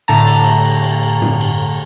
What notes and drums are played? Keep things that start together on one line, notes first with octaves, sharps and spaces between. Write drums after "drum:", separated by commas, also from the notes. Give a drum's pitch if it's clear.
A2 D3 A5 A#5
drum: cymbal
drum: cymbal
drum: cymbal
drum: cymbal
drum: cymbal
drum: tom G2
drum: cymbal